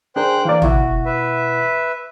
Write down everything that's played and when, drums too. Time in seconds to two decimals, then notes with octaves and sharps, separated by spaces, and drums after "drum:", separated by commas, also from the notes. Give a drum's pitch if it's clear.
0.16 D4 G#4 A#4 C5 G5 F#6
0.45 E3 A#3 D5
0.62 B2 E4 F#4 F#5, drum: tom
1.05 B4 E5